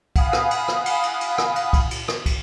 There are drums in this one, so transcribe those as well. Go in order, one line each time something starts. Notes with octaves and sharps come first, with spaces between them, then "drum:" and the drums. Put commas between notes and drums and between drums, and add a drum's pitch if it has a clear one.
F5 F#5 G#5 B5 D#6, drum: kick, cymbal
drum: rim click
drum: cymbal
drum: rim click
drum: cymbal
drum: cymbal
drum: cymbal
drum: rim click
drum: cymbal
drum: kick, cymbal
drum: cymbal
drum: rim click
drum: kick, cymbal